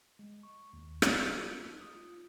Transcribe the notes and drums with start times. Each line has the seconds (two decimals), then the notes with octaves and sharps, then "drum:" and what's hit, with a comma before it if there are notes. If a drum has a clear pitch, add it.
0.19 G#3
0.43 C#6
0.73 D#2
1.02 drum: rim click
1.21 F4
1.67 D#4
1.81 D#6
1.96 F4